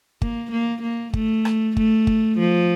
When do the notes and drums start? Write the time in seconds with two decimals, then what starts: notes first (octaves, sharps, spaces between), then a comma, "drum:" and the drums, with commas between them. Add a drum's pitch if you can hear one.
0.22 A#3, drum: kick G1
0.52 A#3
0.83 A#3
1.14 A3, drum: kick G1
1.45 drum: rim click
1.77 A3, drum: kick G1
2.07 drum: kick G1
2.39 F3